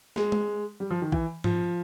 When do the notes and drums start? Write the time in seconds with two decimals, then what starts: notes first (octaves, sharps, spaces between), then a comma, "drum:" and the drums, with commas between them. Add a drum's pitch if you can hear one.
0.16 G#3, drum: snare
0.32 drum: tom G#3
0.80 G3
0.91 F3
1.02 D#3
1.12 E3, drum: kick A#1
1.44 F3, drum: tom G#2